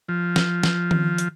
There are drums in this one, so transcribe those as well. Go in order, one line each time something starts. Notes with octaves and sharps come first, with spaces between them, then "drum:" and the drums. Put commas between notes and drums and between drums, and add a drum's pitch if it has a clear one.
F3
drum: snare
drum: snare
drum: tom D#3
drum: hi-hat